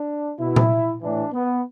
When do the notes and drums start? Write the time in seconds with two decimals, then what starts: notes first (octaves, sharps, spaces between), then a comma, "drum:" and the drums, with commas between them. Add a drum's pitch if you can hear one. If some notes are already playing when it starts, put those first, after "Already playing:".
Already playing: D4
0.39 B2 E4
0.56 drum: tom A#2
1.02 A2 E3 D4
1.33 B3